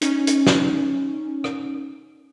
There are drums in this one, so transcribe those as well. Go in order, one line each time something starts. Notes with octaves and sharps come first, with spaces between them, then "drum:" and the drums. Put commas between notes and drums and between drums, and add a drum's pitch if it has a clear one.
C#4 D#4, drum: hi-hat
drum: hi-hat
drum: snare
drum: rim click